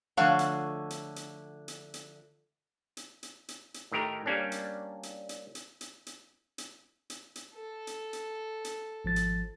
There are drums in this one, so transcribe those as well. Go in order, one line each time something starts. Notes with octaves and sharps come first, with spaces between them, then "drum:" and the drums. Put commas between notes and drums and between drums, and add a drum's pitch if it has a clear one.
D3 F3 A3 C#5 F5 F#5
drum: hi-hat
drum: hi-hat
drum: hi-hat
drum: hi-hat
drum: hi-hat
drum: hi-hat
drum: hi-hat
drum: hi-hat
drum: hi-hat
A2 D#3 A3 G4 A#4
G3 A#3 C#4 D4
drum: hi-hat
drum: hi-hat
drum: hi-hat
drum: hi-hat
drum: hi-hat
drum: hi-hat
drum: hi-hat
drum: hi-hat
drum: hi-hat
A4
drum: hi-hat
drum: hi-hat
drum: hi-hat
G#1 F3 A6
drum: hi-hat